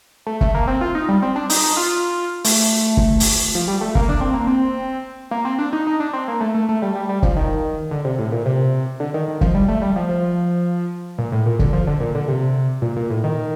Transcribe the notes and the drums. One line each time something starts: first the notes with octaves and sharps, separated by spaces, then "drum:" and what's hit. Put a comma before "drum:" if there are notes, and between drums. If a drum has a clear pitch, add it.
A3
A3, drum: kick
A#3
C4
F4
D#4
G3
C4
D4
D#4, drum: open hi-hat
D#4
F4
A3, drum: open hi-hat
drum: kick
drum: open hi-hat
F3
G3
A3
A#3, drum: kick
D4
C4
A#3
C4
A#3
C4
D4
D#4
D#4
D4
C4
A#3
A3
A3
A3
G3
G3
G3
F3, drum: kick
D#3
D3
C3
A2
A#2
C3
D3
D#3
D#3
F3, drum: kick
G3
A3
G3
F3
F3
A#2
A2
A#2
D3, drum: kick
F3
D3
A#2
D3
C3
A#2
A#2
A2
D#3